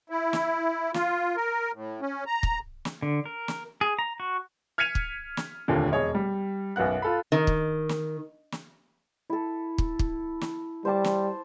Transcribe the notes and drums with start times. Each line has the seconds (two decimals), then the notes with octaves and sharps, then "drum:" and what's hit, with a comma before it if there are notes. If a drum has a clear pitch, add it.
0.10 E4
0.33 drum: snare
0.94 F4, drum: snare
1.36 A#4
1.74 A2
2.01 C#4
2.27 A#5
2.43 drum: kick
2.85 drum: snare
3.02 D3
3.26 A#4
3.48 drum: snare
3.81 G#4
3.99 A#5
4.20 F#4
4.78 F6 G#6 B6 C#7 D#7 F7
4.95 drum: kick
5.37 drum: snare
5.68 F1 D#2 A#2 D3
5.92 E1 G#4 C#5 D#5
6.15 G3
6.76 B1 F#2 B3 F#5 F#6
7.02 F4 A4 B5
7.32 D#3
7.47 drum: kick
7.89 drum: snare
8.52 drum: snare
9.30 E4 A4
9.78 drum: kick
9.99 drum: kick
10.41 drum: snare
10.85 G3 C5 A5 D6
11.04 drum: snare